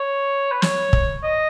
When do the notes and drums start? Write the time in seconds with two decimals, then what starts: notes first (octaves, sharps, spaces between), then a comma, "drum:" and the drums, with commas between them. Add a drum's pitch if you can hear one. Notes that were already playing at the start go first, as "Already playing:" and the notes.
Already playing: C#5
0.52 B4
0.62 C#5, drum: snare
0.93 drum: kick
1.23 D#5